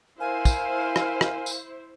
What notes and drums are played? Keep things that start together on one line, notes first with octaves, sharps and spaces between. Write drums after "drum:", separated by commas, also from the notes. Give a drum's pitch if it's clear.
E4 A#4 C5 F5 G#5
drum: kick, tambourine
drum: rim click
drum: rim click
drum: tambourine